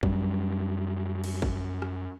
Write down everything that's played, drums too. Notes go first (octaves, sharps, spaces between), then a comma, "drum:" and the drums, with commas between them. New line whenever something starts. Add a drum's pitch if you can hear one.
F#2 G3, drum: kick
drum: cymbal
drum: kick
drum: rim click